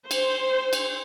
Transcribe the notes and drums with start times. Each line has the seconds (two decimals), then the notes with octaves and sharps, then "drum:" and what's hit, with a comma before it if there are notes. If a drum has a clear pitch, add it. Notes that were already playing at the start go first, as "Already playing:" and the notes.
0.11 C5, drum: cymbal
0.73 drum: cymbal